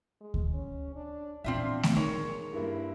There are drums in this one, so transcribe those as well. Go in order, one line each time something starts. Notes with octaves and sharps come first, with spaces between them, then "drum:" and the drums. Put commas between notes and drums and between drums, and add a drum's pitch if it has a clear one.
G#3
drum: kick D2
C#4
D4
A#1 E2 C4 D4 F4 E5
drum: snare A3
G#3 D#4 A#4 C#5
G2 A#3 E4